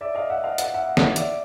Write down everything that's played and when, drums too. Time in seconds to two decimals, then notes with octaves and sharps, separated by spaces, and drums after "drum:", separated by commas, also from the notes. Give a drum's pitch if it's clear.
0.01 D5 E5
0.15 D#5 F5
0.30 E5 F#5
0.44 D#5 F5
0.58 F#5, drum: hi-hat
0.74 E5 F#5
0.97 drum: snare
1.16 D5 E5, drum: hi-hat